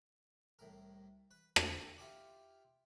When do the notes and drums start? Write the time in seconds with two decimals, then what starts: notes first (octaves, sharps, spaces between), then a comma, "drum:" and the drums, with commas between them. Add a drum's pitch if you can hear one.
0.59 C2 A2 A#4
1.31 B4
1.56 A#3 G4 E5, drum: rim click
1.98 E4 F4 G4 B5 D6